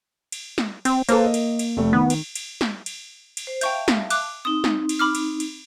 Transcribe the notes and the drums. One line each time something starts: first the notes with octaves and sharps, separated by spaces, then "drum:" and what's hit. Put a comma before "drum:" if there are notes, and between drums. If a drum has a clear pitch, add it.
drum: cymbal
drum: snare
C4, drum: cymbal
A#3 A4 B4 C5, drum: cymbal
D#5
drum: cymbal
drum: cymbal
F1 A3
D#3 B3
drum: cymbal
drum: cymbal
drum: snare
drum: cymbal
drum: cymbal
C5
E5 F5 G5 A5 C#6 G6, drum: cymbal
drum: snare
D6 F#6, drum: cymbal
C4 D#4 D#6
drum: snare
drum: cymbal
B5 D6 F6
drum: cymbal
drum: cymbal